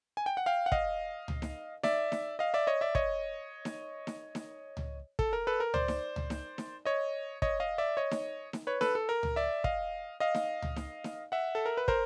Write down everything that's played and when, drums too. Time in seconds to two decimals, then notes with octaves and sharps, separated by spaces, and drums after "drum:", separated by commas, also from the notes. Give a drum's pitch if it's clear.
0.17 G#5
0.26 G5
0.37 F#5
0.46 F5 G5
0.66 F#5
0.72 D#5 F5, drum: kick
1.28 drum: tom C#2
1.42 drum: snare D#4
1.83 D5 E5, drum: snare D#4
2.12 drum: snare D#4
2.39 D#5 F5
2.54 D5 E5
2.67 C#5 D#5
2.81 D5 E5
2.95 C#5 D#5, drum: kick
3.65 drum: snare D#4
4.07 drum: snare D#4
4.35 drum: snare D#4
4.77 drum: tom C#2
5.19 A4, drum: kick
5.33 A#4
5.47 A4 B4
5.60 A#4
5.74 C5 D5, drum: tom C#2
5.88 drum: snare D#4
6.16 drum: tom C#2
6.30 drum: snare D#4
6.58 drum: snare D#4
6.85 C#5 D#5
7.42 C#5 D#5, drum: kick
7.60 D#5 F5
7.78 D5 E5
7.97 C#5 D#5
8.11 drum: snare D#4
8.53 drum: snare D#4
8.67 B4 C#5
8.81 A4 B4, drum: snare D#4
8.95 A4
9.09 A#4
9.23 drum: tom C#2
9.36 D5 E5
9.64 D#5 F5, drum: kick
10.20 D#5 F5
10.35 drum: snare D#4
10.62 drum: tom C#2
10.76 drum: snare D#4
11.04 drum: snare D#4
11.32 E5 F#5
11.55 A4
11.66 A#4
11.77 B4
11.88 A#4 C5, drum: kick